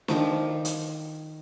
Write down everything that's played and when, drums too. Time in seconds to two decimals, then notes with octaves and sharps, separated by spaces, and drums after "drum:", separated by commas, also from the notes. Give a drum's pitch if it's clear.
0.08 D#3 F3 D6, drum: snare
0.65 drum: hi-hat